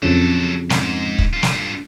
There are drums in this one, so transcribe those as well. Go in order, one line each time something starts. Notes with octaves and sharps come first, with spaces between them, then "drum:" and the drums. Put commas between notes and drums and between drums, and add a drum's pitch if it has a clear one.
F2 C#3 F#3 A4
G#2, drum: snare
drum: kick
G2 F4
drum: snare